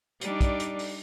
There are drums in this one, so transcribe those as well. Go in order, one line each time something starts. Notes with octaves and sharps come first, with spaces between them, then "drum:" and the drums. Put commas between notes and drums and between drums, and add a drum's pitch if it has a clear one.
G3 D4 D#4, drum: hi-hat
drum: kick, hi-hat
drum: hi-hat
drum: open hi-hat